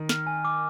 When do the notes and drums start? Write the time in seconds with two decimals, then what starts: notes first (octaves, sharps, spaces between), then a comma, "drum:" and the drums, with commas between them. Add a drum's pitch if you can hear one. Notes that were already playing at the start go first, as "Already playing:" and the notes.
Already playing: D#3
0.09 F6, drum: snare
0.27 G#5
0.45 D6